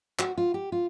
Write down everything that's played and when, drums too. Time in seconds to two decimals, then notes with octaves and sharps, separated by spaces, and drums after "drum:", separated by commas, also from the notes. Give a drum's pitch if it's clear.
0.19 F#4, drum: clap
0.38 F4
0.54 G4
0.72 F4